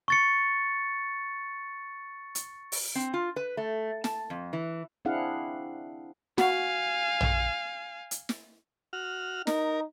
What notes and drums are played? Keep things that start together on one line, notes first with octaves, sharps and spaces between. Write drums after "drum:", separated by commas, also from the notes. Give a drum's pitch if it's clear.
C#6 A6 C#7
drum: hi-hat
drum: open hi-hat
C4
F4
B4
A3
A5, drum: snare
F2
E3
C4 D4 E4 G#4 F5 F#5
F#4 F5 G#5, drum: snare
drum: tom A#1
drum: hi-hat
drum: snare
F#4 F6
D#4 A#4, drum: snare